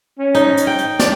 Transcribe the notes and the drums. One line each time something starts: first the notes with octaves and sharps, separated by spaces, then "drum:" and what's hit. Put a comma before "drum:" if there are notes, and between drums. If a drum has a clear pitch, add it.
C#4
D#4, drum: hi-hat
drum: hi-hat
G5
drum: hi-hat
D5, drum: snare